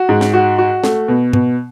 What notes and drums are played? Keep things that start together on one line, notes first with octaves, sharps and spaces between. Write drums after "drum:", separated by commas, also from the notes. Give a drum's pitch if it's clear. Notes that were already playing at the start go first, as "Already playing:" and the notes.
Already playing: F#4
G#2
drum: snare
F#4
F#4
A3, drum: snare
B2
B2, drum: tom